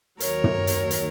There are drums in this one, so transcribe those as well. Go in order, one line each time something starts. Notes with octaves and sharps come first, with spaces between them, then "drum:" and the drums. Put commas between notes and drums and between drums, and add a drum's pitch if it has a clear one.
D#2 D#3 F#3 A#4 C#5, drum: hi-hat
drum: tom
drum: hi-hat
drum: hi-hat